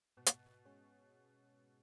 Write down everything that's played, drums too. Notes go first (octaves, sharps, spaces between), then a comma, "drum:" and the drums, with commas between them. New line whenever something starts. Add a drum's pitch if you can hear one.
G#2 B2
drum: hi-hat
G#3 C#4 G#4 C#5